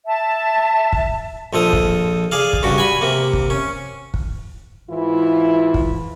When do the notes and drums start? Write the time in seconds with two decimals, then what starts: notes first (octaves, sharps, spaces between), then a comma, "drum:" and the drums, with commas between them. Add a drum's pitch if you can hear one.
0.05 E5 A5
0.93 drum: kick
1.53 A#1 F3 A4 D#6
1.73 drum: kick
2.32 G#4 D5 F5
2.53 drum: kick
2.63 G2 C#3 F#4
2.78 G#5 B5
3.01 C3 A#3
3.33 drum: kick
3.50 C#4
4.14 drum: kick
4.90 G#2 E3 E4 F4
5.74 drum: kick